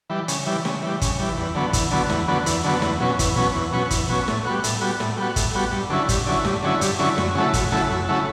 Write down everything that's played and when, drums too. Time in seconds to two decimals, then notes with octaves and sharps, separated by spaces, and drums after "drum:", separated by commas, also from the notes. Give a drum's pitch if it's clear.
0.10 E3 G3
0.28 C#3, drum: hi-hat
0.47 E3 G3
0.65 C#3, drum: snare
0.83 E3 G3
1.01 C#3, drum: kick, hi-hat
1.20 E3 G3
1.38 E2
1.55 D3 F#3 B3
1.73 E2, drum: kick, hi-hat
1.91 D3 F#3 B3
2.10 E2, drum: snare
2.28 D3 F#3 B3
2.46 E2, drum: hi-hat
2.64 D3 F#3 B3
2.82 E2, drum: snare
3.00 B2 F#3 C#4
3.19 E2, drum: kick, hi-hat
3.36 B2 F#3 C#4
3.54 E2
3.73 B2 F#3 C#4
3.90 E2, drum: kick, hi-hat
4.09 B2 F#3 C#4
4.28 A2, drum: snare
4.45 G3 B3 F#4
4.64 A2, drum: hi-hat
4.81 G3 B3 F#4
5.00 A2, drum: snare
5.18 G3 B3 F#4
5.36 A2, drum: kick, hi-hat
5.55 G3 B3 F#4
5.72 G2
5.90 D3 F#3 C#4 E4
6.09 G2, drum: kick, hi-hat
6.26 D3 F#3 C#4 E4
6.45 G2, drum: snare
6.63 D3 F#3 C#4 E4
6.81 G2, drum: hi-hat
6.99 D3 F#3 C#4 E4
7.18 F#2, drum: snare
7.35 C#3 F#3 A3 E4
7.53 F#2, drum: kick, hi-hat
7.71 C#3 F#3 A3 E4
7.90 F#2
8.08 C#3 F#3 A3 E4